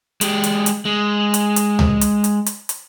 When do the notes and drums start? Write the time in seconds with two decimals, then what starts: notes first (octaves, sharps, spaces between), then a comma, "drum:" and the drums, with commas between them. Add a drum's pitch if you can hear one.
0.21 G#3 G4, drum: hi-hat
0.44 drum: hi-hat
0.66 drum: hi-hat
0.85 G#3
1.34 drum: hi-hat
1.56 drum: hi-hat
1.79 drum: tom C#2
2.01 drum: hi-hat
2.24 drum: hi-hat
2.46 drum: hi-hat
2.69 drum: hi-hat